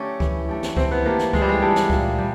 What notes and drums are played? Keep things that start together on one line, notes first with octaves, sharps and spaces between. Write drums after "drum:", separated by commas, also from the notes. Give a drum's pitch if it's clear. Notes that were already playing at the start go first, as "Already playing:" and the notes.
Already playing: A3 C#4 D4 G4
E3, drum: kick C#2
A3 D4 G4
drum: snare
E3 C4, drum: kick C#2
B3
A3 A#3 D4 G4
drum: snare
E3 G#3, drum: kick C#2
G3
G#3
A3 D4 G4
drum: snare
A#2, drum: kick C#2
G3